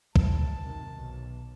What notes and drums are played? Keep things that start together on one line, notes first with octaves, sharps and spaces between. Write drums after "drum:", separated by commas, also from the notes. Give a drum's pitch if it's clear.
G#3 A5, drum: kick
F#2 C3 D#3
B1